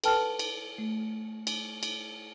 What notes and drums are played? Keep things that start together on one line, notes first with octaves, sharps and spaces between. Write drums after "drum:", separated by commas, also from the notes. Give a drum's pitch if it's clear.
A4 B4 G5 A5 F6, drum: cymbal
drum: cymbal
A3
drum: cymbal
drum: cymbal